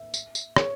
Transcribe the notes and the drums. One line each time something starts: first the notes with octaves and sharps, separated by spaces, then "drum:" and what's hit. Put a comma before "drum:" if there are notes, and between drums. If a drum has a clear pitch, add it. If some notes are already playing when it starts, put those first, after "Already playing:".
Already playing: E5
drum: tambourine
drum: tambourine
C#5, drum: rim click